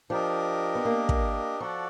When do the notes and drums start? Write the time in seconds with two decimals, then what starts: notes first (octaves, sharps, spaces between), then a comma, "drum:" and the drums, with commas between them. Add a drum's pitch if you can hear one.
0.10 F3 D4 G4 A#4 D#5
0.75 B3
0.85 A#3
1.09 drum: kick
1.60 F3 F#4 A4 D5 F#5